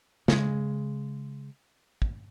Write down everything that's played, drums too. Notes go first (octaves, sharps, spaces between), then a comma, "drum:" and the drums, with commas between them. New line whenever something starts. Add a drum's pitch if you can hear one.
C#3 G#3, drum: snare
drum: kick